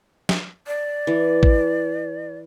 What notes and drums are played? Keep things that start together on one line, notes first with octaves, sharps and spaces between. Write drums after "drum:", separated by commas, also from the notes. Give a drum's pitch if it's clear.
drum: snare
D5
E3
drum: kick